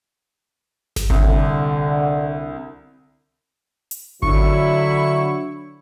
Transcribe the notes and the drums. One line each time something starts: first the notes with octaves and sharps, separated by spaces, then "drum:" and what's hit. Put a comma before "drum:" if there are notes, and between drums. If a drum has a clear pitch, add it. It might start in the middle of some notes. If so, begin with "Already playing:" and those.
drum: snare G#1
C2 D3, drum: kick G#1
drum: hi-hat
D3 F#3 E4 C#6, drum: kick G#1